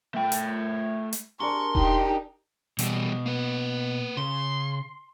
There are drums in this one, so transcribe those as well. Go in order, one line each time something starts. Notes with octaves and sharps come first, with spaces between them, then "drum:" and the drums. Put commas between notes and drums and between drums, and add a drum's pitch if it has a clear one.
A3 G5
drum: hi-hat
drum: hi-hat
D4 G#4 A#4 C6 C#6
D#4 G4, drum: kick E1
B2 E3 G3, drum: hi-hat
A#3 B4
C#3 C6